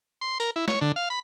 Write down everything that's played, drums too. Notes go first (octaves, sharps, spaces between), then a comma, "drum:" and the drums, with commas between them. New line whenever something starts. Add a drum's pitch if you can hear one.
C6
A#4, drum: tambourine
E4
C#5, drum: snare
D3
F5
B5